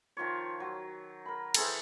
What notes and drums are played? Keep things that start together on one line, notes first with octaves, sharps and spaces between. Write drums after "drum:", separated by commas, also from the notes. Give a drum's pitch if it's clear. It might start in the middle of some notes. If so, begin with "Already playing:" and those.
D#3 F3 F4 C#5
F#3
A#4 B5
E3 C4 G#4 A4, drum: cymbal